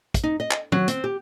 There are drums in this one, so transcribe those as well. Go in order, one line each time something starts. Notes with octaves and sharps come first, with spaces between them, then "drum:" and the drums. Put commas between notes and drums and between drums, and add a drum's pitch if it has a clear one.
drum: kick, hi-hat
D#4
D#5
drum: clap
F#3, drum: tom
C4, drum: hi-hat
G4